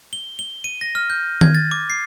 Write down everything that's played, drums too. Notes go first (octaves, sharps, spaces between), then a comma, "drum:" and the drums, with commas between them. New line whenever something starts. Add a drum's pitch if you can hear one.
G7
G7
D#7
A#6
F6
G6
G#6, drum: tom D#3
A6
D6
C7